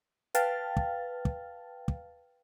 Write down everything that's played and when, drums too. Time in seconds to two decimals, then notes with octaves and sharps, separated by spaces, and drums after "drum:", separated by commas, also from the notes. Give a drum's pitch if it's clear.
0.35 B4 F5 G5 A5 F6 A6, drum: hi-hat
0.77 drum: kick
1.25 drum: kick
1.88 drum: kick